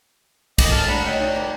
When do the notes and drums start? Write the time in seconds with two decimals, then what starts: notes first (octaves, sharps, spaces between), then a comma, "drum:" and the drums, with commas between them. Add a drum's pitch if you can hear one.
0.58 A2 D#5 D6, drum: kick, cymbal
0.72 A4 A5 F6
0.88 A3 D4 F#5 A#5 B5 F#6
1.06 C#5 D#5 E5 G5
1.20 D#4 D5
1.35 C#2 A#3 C5